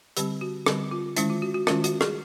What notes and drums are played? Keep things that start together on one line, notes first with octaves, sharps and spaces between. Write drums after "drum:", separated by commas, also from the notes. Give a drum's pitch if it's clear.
D3 G3 C4 G4, drum: hi-hat
F#4
D3 G3 C4 G4, drum: rim click
F4
D#3 G#3 C#4 E4, drum: hi-hat
F4
F#4
F#4
D#3 G#3 C#4 F4, drum: rim click
F#4, drum: hi-hat
G#4, drum: rim click